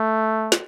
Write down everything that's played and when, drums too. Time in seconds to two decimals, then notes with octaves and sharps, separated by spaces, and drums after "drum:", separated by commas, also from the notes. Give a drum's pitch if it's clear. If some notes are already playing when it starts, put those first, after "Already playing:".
Already playing: A3
0.52 drum: snare